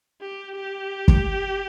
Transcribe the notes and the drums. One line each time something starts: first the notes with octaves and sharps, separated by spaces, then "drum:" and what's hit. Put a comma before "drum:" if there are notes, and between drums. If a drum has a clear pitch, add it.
G4
G4
drum: kick